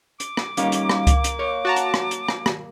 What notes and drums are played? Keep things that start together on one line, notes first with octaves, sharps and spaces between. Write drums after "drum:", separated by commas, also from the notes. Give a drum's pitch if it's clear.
D6, drum: hi-hat
drum: rim click
G3 A#3 C#4 D#4, drum: hi-hat
drum: hi-hat
drum: rim click
drum: kick C#2, hi-hat
drum: hi-hat
A#4 C#5
F#4 A5 A#5
drum: hi-hat
drum: rim click
drum: hi-hat
drum: rim click
drum: rim click